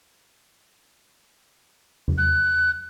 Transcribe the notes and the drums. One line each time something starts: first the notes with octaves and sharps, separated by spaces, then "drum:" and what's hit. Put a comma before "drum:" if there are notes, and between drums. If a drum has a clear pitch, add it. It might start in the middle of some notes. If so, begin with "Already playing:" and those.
drum: tom E2
F#6